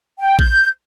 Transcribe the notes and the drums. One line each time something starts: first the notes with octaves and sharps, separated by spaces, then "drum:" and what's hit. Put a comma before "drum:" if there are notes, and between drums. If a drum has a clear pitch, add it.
G5
G6, drum: kick A#1